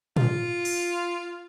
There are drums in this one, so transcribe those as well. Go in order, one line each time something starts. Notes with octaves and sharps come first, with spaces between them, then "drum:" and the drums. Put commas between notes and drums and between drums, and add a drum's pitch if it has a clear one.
F4, drum: tom
drum: open hi-hat